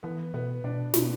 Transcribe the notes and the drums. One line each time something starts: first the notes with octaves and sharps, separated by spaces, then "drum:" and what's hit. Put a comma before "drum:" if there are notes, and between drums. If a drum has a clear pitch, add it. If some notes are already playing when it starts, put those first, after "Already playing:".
E3 B3
B2 B3
B2 D4
B2, drum: snare